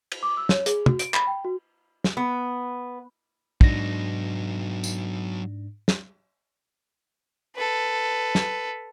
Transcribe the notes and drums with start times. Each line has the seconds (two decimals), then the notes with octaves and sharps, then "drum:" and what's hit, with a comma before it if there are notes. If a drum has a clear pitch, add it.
0.12 drum: cymbal
0.23 D6
0.37 E6
0.49 C#5, drum: snare
0.66 G#4, drum: hi-hat
0.86 F#4, drum: tom
0.99 D7, drum: hi-hat
1.14 B5, drum: clap
1.27 G5
1.44 F#4
2.04 drum: snare
2.17 B3
3.61 G#2 F#3 D4 D#4 A#6, drum: kick
4.84 drum: tambourine
5.88 drum: snare
7.55 A4 B4
8.35 drum: snare